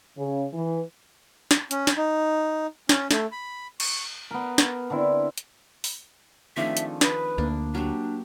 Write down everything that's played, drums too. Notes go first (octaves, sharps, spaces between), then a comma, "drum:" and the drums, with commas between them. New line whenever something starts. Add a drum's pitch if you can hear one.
C#3
E3
drum: snare
C#4, drum: hi-hat
drum: snare
D#4
C#4, drum: snare
A3, drum: snare
B5
C#6, drum: cymbal
B3 A#4
drum: snare
D3 C4 E4
drum: hi-hat
drum: open hi-hat
D#3 F3 A3 C4 D4 G#4 E5
drum: hi-hat
B4 B5 D#6, drum: snare
D2 A#3 D4
F#3 D4 G4